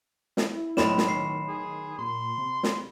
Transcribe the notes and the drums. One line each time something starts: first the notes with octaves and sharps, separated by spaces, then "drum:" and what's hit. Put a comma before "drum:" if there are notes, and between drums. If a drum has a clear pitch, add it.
E4, drum: snare
B1 A2 D5 B5 C6 E7, drum: snare
drum: snare
D#3 C#4 C7
G#4
A#2 C6
C3
drum: snare